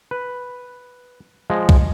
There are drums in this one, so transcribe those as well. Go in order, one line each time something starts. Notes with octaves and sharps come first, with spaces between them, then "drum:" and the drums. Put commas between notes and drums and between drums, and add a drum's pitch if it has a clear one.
B4
F3 G#3 D#5
drum: kick C2